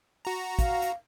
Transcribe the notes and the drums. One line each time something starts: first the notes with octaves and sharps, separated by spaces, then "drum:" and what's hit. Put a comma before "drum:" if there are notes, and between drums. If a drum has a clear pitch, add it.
F#4 A#5
F5, drum: kick, hi-hat
drum: hi-hat